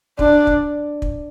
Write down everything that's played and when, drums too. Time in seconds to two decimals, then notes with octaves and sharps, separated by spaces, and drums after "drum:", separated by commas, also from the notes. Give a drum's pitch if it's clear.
0.19 D4, drum: kick
0.47 drum: kick
1.02 drum: kick